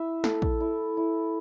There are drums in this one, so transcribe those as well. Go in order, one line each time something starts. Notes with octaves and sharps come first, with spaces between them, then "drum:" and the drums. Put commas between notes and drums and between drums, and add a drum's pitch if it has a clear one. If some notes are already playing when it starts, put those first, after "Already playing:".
Already playing: E4 E5
A4, drum: snare
drum: kick
E4
E4